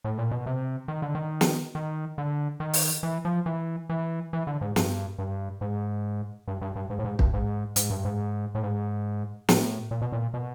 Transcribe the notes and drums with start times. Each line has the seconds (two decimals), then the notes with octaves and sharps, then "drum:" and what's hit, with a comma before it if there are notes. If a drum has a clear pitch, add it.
0.04 A2
0.18 A#2
0.31 B2
0.46 C3
0.88 D#3
1.02 D3
1.15 D#3
1.41 drum: snare
1.75 D#3
2.18 D3
2.60 D#3
2.73 drum: open hi-hat
3.03 E3
3.25 F3
3.46 E3
3.89 E3
4.33 E3
4.47 D3
4.61 G#2
4.76 G2, drum: snare
5.18 G2
5.61 G#2
6.48 G2
6.62 G2
6.76 G2
6.90 G#2
6.99 A2
7.05 G#2
7.19 G2, drum: kick
7.34 G#2
7.76 G#2, drum: hi-hat
7.90 G2
8.05 G#2
8.55 A2
8.63 G#2
9.49 A2, drum: snare
9.91 A#2
10.02 B2
10.12 A#2
10.34 B2